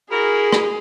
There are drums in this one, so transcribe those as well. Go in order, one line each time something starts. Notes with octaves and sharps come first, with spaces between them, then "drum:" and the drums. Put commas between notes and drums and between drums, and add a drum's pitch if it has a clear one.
E4 F#4 G#4 A#4
drum: rim click